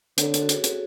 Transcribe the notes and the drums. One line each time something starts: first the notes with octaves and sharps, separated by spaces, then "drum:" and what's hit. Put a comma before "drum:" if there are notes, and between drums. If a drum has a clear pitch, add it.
D3 C#5, drum: hi-hat
A4, drum: hi-hat
F#4
G#4, drum: hi-hat
F#4
G#4, drum: hi-hat